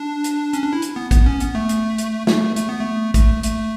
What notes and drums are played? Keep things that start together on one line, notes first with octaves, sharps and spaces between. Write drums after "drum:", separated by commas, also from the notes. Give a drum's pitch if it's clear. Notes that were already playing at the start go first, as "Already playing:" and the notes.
Already playing: D4
drum: hi-hat
C#4, drum: hi-hat
D4
E4
drum: hi-hat
B3
B3, drum: kick, hi-hat
C#4
B3, drum: hi-hat
A3
drum: hi-hat
drum: hi-hat
A3, drum: snare
A3, drum: hi-hat
B3
A3
A3, drum: kick, hi-hat
A3, drum: hi-hat